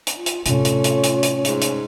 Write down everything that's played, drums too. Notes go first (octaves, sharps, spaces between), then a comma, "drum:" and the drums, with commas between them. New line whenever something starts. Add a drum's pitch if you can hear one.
drum: hi-hat
F4
drum: hi-hat
A2 C3 A3 C#4 F4, drum: hi-hat
drum: hi-hat
drum: hi-hat
drum: hi-hat
drum: hi-hat
G#2, drum: hi-hat
drum: hi-hat